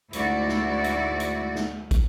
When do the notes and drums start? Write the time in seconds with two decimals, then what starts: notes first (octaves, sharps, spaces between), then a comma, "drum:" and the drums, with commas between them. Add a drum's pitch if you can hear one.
0.13 D2 G#2 E4 F#4 D5, drum: hi-hat
0.49 drum: snare
0.84 drum: hi-hat
1.20 drum: hi-hat
1.55 drum: snare
1.91 drum: kick, hi-hat